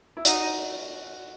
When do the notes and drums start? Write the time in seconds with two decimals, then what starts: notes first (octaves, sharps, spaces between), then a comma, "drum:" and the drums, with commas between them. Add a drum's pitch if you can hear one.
0.17 E4
0.25 D#4 F#4, drum: hi-hat